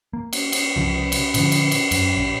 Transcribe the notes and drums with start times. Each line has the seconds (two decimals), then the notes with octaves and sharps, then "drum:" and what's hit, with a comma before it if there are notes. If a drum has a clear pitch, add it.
0.13 A#3
0.33 drum: cymbal
0.52 drum: cymbal
0.76 C2 C#3 F3
1.12 drum: cymbal
1.34 A#2 D3 F3, drum: cymbal
1.52 drum: cymbal
1.71 drum: cymbal
1.91 F#2, drum: cymbal
2.17 A#1